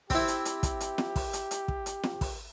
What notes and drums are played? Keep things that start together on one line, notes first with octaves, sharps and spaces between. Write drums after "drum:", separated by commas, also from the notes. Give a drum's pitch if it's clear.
C4 E4 G4, drum: kick, open hi-hat
drum: hi-hat
drum: hi-hat
drum: kick, hi-hat
drum: hi-hat
drum: snare
drum: kick, open hi-hat
drum: hi-hat
drum: hi-hat
drum: kick
drum: hi-hat
drum: snare
drum: kick, open hi-hat